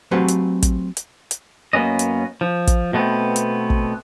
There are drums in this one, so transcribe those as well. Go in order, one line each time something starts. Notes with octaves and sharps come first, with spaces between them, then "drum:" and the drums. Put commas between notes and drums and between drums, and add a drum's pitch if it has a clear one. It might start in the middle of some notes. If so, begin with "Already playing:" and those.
F#3 A3 C4 G4 B4 F#5
drum: hi-hat
drum: kick, hi-hat
drum: hi-hat
drum: hi-hat
F#2 A#3 B3 C#4 D#5
drum: hi-hat
F3
drum: kick, hi-hat
B2 A3 B3 C4
drum: hi-hat
drum: kick